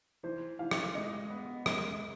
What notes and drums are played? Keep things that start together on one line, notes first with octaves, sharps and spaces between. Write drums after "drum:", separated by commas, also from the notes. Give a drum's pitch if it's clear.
E3 C5
E3 F5
drum: rim click
G#3 D#5
B3
G#3, drum: rim click